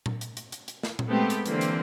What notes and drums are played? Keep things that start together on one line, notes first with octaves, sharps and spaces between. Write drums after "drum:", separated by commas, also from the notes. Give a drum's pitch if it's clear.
drum: tom A#2
drum: hi-hat
drum: hi-hat
drum: hi-hat
drum: hi-hat
drum: snare
drum: tom A#2
G#3 A3 B3 C4 G4
drum: hi-hat
D3 E3 A#3 C4, drum: hi-hat
drum: hi-hat